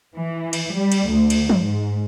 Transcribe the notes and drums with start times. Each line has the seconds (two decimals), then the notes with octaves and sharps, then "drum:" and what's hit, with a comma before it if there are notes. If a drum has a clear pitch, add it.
0.17 E3
0.53 drum: cymbal
0.75 G3
0.92 drum: cymbal
1.11 D2
1.30 drum: cymbal
1.49 drum: tom
1.60 G#2